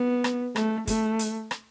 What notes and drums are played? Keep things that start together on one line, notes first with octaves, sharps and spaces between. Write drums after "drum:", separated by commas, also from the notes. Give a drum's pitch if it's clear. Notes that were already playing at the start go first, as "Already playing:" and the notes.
Already playing: B3
drum: rim click
A3, drum: rim click
A3, drum: kick, hi-hat
drum: hi-hat
drum: rim click